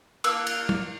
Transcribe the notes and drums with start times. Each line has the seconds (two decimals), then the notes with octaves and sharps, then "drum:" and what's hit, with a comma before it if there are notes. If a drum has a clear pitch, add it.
0.24 A#3 E6 F#6, drum: cymbal
0.47 drum: cymbal
0.69 drum: tom